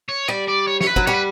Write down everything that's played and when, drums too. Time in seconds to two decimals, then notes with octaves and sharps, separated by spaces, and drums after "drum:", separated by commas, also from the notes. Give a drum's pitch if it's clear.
0.09 C#5
0.28 G3 D5
0.48 D5
0.67 C#5
0.81 C#5, drum: snare
0.87 B4
0.96 F#3, drum: kick
1.07 G3 C#5
1.14 B4